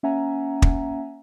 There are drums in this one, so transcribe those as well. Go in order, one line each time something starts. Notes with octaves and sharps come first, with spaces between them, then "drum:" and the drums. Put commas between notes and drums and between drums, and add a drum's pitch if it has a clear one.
A#3 C#4 E5 F#5 G#5 A#5
drum: kick